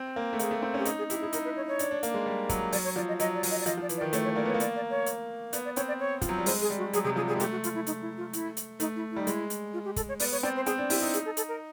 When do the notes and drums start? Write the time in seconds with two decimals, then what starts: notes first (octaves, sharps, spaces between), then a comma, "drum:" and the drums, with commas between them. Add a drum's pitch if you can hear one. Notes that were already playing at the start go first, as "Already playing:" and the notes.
Already playing: C4
0.16 A#3
0.33 A3
0.39 A#3 G#4, drum: hi-hat
0.51 A3
0.62 C4
0.74 C#4 G4
0.85 D#4 G#4, drum: hi-hat
0.98 G#4
1.10 E4 G4, drum: hi-hat
1.21 E4 G#4
1.33 D#4 A#4, drum: hi-hat
1.45 B4
1.56 C#5
1.68 C#5
1.79 D4, drum: hi-hat
1.91 D4
2.03 A#3, drum: hi-hat
2.14 G#3
2.26 G3
2.49 F#3, drum: kick, hi-hat
2.72 F#3 D5, drum: open hi-hat
2.84 C#5
2.96 F3 D5
3.08 D#5
3.20 F#3 D#5, drum: hi-hat
3.35 D5
3.43 F#3, drum: open hi-hat
3.51 D#5
3.61 D5
3.66 F3 D#5, drum: hi-hat
3.78 F3 D5
3.89 E3, drum: hi-hat
3.97 D5
4.01 D#3
4.13 A3 C#5, drum: hi-hat
4.24 C#5
4.36 A#3 D5
4.46 B3 C#5
4.54 A#3
4.60 D5, drum: hi-hat
4.76 D5
4.90 C#5
5.06 drum: hi-hat
5.53 B3 D5, drum: hi-hat
5.65 D5
5.76 C4 C#5, drum: hi-hat
5.88 D5
6.00 C#5
6.22 F3, drum: kick, hi-hat
6.29 F#3
6.38 G3
6.46 G#3 C5, drum: open hi-hat
6.61 G#4
6.70 G3
6.78 F#4
6.93 F#3 G#4, drum: hi-hat
7.04 C3 G#4
7.16 F3 G#4
7.28 G3 G#4
7.36 G#3
7.40 A3 G4, drum: hi-hat
7.52 F#4
7.64 F4, drum: hi-hat
7.75 E4
7.87 D#4, drum: hi-hat
8.02 E4
8.17 F4
8.33 E4, drum: hi-hat
8.57 drum: hi-hat
8.80 A3 D#4, drum: hi-hat
8.96 E4
9.11 E4
9.16 G3 D#4
9.27 G#3 E4, drum: hi-hat
9.50 drum: hi-hat
9.73 F4
9.85 G4
9.96 A4, drum: kick, hi-hat
10.08 C#5
10.20 B3 D5, drum: open hi-hat
10.32 C#5
10.43 C4 D5
10.56 C5
10.66 C4 G#4, drum: hi-hat
10.78 D4
10.90 E4 G4, drum: open hi-hat
11.02 D#4
11.14 G#4, drum: hi-hat
11.25 A4
11.37 A4, drum: hi-hat
11.48 A#4